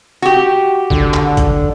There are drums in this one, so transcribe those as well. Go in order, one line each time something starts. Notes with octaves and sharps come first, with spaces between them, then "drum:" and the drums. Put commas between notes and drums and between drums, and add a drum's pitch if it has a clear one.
F#4 G4
D3, drum: kick G1
drum: clap
drum: kick G1, hi-hat